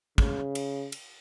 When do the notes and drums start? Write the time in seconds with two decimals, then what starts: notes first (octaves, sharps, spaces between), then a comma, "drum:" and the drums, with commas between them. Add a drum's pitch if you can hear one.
0.18 C#3, drum: kick
0.55 drum: cymbal
0.92 drum: cymbal